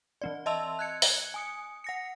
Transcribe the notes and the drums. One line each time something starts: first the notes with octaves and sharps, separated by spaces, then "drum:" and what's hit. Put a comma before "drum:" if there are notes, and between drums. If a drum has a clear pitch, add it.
E3 C4 D5
D#5 E5 A5 C6 E6 F7
F#6 G#6 C#7
drum: open hi-hat
G#5 D#6 C#7
F#5 A#6 C#7